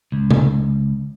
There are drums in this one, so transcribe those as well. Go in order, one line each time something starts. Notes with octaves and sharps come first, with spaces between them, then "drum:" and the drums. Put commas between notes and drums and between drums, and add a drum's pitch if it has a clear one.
C#2
drum: tom C3